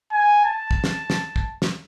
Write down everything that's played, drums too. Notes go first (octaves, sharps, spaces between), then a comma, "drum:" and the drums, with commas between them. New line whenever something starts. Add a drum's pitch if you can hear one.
G#5
A5
drum: kick
drum: snare
drum: snare
drum: kick
drum: snare